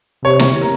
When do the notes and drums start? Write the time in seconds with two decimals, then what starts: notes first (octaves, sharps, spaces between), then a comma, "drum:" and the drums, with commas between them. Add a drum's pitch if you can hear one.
0.25 C3 C#5
0.39 drum: snare
0.62 A#4